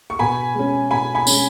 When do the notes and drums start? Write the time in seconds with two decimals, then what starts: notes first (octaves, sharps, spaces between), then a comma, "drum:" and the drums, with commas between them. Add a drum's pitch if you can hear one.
0.10 C#6
0.19 B2 G#5 B5
0.55 G#3 C#4
0.91 B2 G#5 B5
1.15 G#5 B5
1.27 G#3 C#4, drum: tambourine